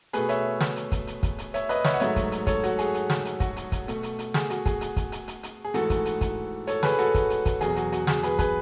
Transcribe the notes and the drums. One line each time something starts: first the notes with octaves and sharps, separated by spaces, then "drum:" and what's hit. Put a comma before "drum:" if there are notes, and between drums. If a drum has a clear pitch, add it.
B2 A3 G#4 B4, drum: hi-hat
C#5 E5, drum: hi-hat
drum: snare
drum: hi-hat
drum: kick, hi-hat
drum: hi-hat
drum: kick, hi-hat
drum: hi-hat
C#5 E5, drum: hi-hat
B4 D#5, drum: hi-hat
C#5 E5, drum: snare
F#5
G#2 F#3 A3 C#5 E5, drum: hi-hat
drum: kick, hi-hat
drum: hi-hat
A4 C#5, drum: kick, hi-hat
F#4, drum: hi-hat
G#4, drum: hi-hat
drum: hi-hat
drum: snare
drum: hi-hat
F#4, drum: kick, hi-hat
drum: hi-hat
drum: kick, hi-hat
B2 A3, drum: hi-hat
drum: hi-hat
drum: hi-hat
G#4, drum: snare
F#4, drum: hi-hat
G#4, drum: kick, hi-hat
drum: hi-hat
drum: kick, hi-hat
drum: hi-hat
drum: hi-hat
drum: hi-hat
G#4
G#2 E3 A3 F#4 A4, drum: hi-hat
drum: kick, hi-hat
drum: hi-hat
drum: kick, hi-hat
A4 C#5, drum: hi-hat
G#4 B4, drum: snare
F#4 A4, drum: hi-hat
drum: kick, hi-hat
drum: hi-hat
drum: kick, hi-hat
E2 B2 F#3 G#4, drum: hi-hat
F#4, drum: hi-hat
F#4, drum: hi-hat
G#4, drum: snare
G#4 B4, drum: hi-hat
G#4 B4, drum: kick, hi-hat